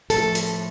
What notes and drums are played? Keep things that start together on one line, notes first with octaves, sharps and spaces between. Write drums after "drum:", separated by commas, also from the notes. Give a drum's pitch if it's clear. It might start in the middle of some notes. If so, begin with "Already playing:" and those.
A2 F3 A4, drum: hi-hat
drum: hi-hat